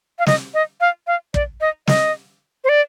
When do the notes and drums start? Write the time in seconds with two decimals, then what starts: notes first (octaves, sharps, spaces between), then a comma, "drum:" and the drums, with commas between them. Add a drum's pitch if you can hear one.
0.19 F5
0.27 D#5, drum: snare
0.54 D#5
0.80 F5
1.07 F5
1.34 D5, drum: kick
1.61 D#5
1.87 D#5, drum: snare
2.64 C5
2.69 D5